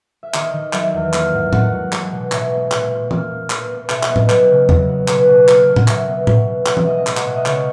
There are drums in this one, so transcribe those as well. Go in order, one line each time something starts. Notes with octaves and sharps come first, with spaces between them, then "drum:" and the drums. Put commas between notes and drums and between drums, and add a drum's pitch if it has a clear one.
E5
D#3 D#5, drum: clap
D#3
F#3 E5, drum: clap
E2
A#3, drum: clap
G#2
G#2 F#5, drum: tom A2
F#3
G#3, drum: clap
B2
B2 E5, drum: clap
B3
A#2, drum: clap
A#2
A#3, drum: tom
A#3
B3, drum: clap
B3
B2 E5, drum: clap
D#5, drum: clap
B3
B4, drum: tom A2
F#3, drum: clap
C#3
F#3, drum: tom E2
B3
B2 B4, drum: clap
B2
A#3, drum: clap
B2
F#5, drum: tom A2
B2 E5, drum: clap
B3
B2, drum: tom A2
B3
B2 F#5, drum: clap
E5, drum: tom
G#3 D#5
D#5
B2, drum: clap
F#5, drum: clap
B2 E5
D#5
C#3 C#5, drum: clap